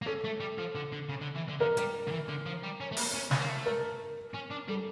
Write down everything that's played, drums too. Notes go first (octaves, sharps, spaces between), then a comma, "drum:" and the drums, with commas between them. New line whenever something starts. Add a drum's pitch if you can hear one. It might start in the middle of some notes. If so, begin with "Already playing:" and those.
A#3
C#4 A4
A3
G3
F3
D3
D3
C#3
D3
E3
D3
D3 A#4
G3, drum: hi-hat
D3
E3
D3
F3
G3
C#4
A3
A#3, drum: open hi-hat
C#4
C#4, drum: snare
A#3
A3
A#4
C#4
D4
G3 A4